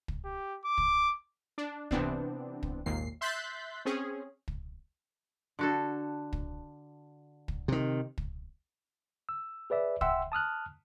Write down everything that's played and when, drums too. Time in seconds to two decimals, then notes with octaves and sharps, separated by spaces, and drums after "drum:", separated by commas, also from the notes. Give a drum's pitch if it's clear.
0.08 drum: kick
0.25 G4
0.65 D6
0.78 drum: kick
1.58 D4
1.91 C3 E3 B3 C4 D4, drum: kick
2.63 drum: kick
2.86 G#1 D#2 A#2 C7
3.21 E5 C6 F#6 G6 A6 B6
3.85 C4 C#4 G#4
4.48 drum: kick
5.59 D3 F#4 A4
6.33 drum: kick
7.48 drum: kick
7.68 C3 D#3
8.18 drum: kick
9.29 E6
9.70 G#4 B4 D5 E5
10.01 E5 F#5 G5 C6 E6, drum: kick
10.32 A5 D#6 F6 F#6